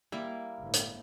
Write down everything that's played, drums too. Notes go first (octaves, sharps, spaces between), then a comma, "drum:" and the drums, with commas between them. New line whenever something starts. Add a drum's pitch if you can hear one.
G3 A#3 E4
G1 A2
drum: hi-hat